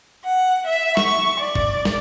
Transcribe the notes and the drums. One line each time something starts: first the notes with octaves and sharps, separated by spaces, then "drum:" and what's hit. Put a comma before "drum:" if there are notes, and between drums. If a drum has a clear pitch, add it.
F#5
E5
C#6, drum: snare
D5
drum: kick
drum: snare